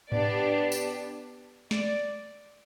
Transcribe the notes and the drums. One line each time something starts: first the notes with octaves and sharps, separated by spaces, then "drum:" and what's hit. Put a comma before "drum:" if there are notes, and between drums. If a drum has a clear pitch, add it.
B3 D4 G4 D5, drum: tom G#2
drum: tambourine
D5, drum: snare